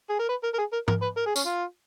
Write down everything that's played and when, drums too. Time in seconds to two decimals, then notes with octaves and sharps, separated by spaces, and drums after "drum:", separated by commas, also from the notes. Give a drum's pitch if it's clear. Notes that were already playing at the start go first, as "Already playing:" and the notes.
0.10 G#4
0.20 A#4
0.29 B4
0.44 A#4
0.54 A#4
0.58 G#4
0.73 A#4
0.88 A#4, drum: tom G#2
1.02 B4
1.17 A#4
1.27 G#4
1.36 C#4, drum: tambourine
1.46 F4